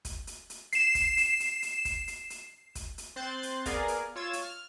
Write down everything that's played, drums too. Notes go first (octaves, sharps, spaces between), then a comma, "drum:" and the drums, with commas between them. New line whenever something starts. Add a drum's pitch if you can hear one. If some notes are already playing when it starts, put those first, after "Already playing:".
drum: kick, hi-hat
drum: hi-hat
drum: hi-hat
C7 E7, drum: hi-hat
drum: kick, hi-hat
drum: hi-hat
drum: hi-hat
drum: hi-hat
drum: kick, hi-hat
drum: hi-hat
drum: hi-hat
drum: kick, hi-hat
drum: hi-hat
C4 C5 F#6 G6 A6 C7
drum: hi-hat
B3 G#4 A#4 D5 F5, drum: kick, hi-hat
drum: hi-hat
F4 C#5 E6 G#6 A6
drum: hi-hat
F6